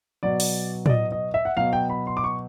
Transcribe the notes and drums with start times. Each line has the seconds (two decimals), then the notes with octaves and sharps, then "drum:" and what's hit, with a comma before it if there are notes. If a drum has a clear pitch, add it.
0.23 B2 F#3 D5
0.40 drum: open hi-hat
0.86 D5, drum: tom
0.89 D#5
1.12 D#5
1.34 E5
1.45 F#5
1.57 B2 F#3 F5
1.73 G5
1.90 B5
2.07 C6
2.17 D6
2.24 C#6